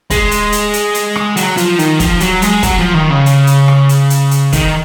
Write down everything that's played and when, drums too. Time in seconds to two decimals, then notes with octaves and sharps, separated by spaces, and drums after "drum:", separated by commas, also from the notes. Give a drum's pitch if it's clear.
0.10 G#3, drum: kick, hi-hat
0.31 drum: hi-hat
0.52 drum: hi-hat
0.73 drum: hi-hat
0.94 drum: hi-hat
1.15 drum: rim click
1.37 F#3, drum: hi-hat
1.57 F3, drum: hi-hat
1.79 D#3, drum: hi-hat
2.00 F3, drum: kick, hi-hat
2.20 F#3, drum: hi-hat
2.42 G#3, drum: hi-hat
2.63 F#3, drum: kick, hi-hat
2.78 F3
2.94 D#3
3.10 C#3
3.26 drum: hi-hat
3.47 drum: hi-hat
3.68 drum: rim click
3.89 drum: hi-hat
4.10 drum: hi-hat
4.31 drum: hi-hat
4.53 D#3, drum: kick, hi-hat